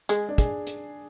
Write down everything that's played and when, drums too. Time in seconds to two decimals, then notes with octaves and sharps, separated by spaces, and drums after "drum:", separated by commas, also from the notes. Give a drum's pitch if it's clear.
0.09 G#3 G#4, drum: hi-hat
0.29 D4
0.38 G#4, drum: kick, hi-hat
0.67 drum: hi-hat